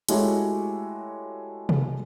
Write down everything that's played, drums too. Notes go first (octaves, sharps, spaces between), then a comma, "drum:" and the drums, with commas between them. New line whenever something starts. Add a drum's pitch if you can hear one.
G#3 A3 E4 F#4 G4 C#5, drum: hi-hat
drum: tom C3